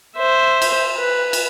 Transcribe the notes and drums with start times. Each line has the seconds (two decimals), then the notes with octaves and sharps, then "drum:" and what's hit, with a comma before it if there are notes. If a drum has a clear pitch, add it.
0.17 C5 E5
0.62 drum: cymbal
0.97 B4
1.33 drum: cymbal